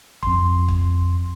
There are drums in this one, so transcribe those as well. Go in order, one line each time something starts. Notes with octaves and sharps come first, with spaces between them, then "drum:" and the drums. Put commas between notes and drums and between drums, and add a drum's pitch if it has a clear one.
F2 C6, drum: kick
drum: kick